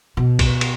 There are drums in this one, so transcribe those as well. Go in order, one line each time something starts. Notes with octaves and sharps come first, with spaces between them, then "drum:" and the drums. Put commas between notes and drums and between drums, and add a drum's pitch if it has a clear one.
B2
drum: kick A#1, cymbal
drum: cymbal